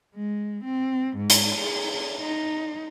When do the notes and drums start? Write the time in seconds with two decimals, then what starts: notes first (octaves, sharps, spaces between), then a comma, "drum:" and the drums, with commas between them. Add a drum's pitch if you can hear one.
0.15 G#3
0.64 C4
1.16 G#2
1.30 drum: hi-hat
1.59 G#4
2.20 D#4